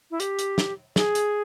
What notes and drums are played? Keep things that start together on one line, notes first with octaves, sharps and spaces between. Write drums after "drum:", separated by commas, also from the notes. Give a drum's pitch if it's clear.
E4
G4, drum: hi-hat
drum: hi-hat
drum: snare
G#4, drum: snare
drum: hi-hat